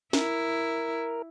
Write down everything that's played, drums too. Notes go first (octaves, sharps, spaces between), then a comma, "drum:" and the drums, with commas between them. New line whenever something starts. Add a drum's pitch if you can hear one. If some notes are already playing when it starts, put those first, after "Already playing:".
E4 A#4, drum: snare